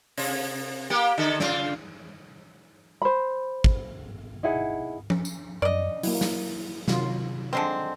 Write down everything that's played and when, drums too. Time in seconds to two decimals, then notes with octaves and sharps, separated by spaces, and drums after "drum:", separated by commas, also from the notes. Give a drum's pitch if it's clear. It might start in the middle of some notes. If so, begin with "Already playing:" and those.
0.18 C3, drum: open hi-hat
0.90 A#3 G4
1.18 D3 A4
1.40 C#3 F4, drum: snare
3.02 C5 B5
3.64 drum: kick
4.43 D#4 E4 G#4 F#5
5.10 drum: tom F3
5.25 drum: tambourine
5.62 F#2 D5 D#5
6.03 F#3 A#3 E4, drum: open hi-hat
6.21 drum: snare
6.88 C3 D#3 F#3 F4, drum: snare
7.53 D3 G#3 C4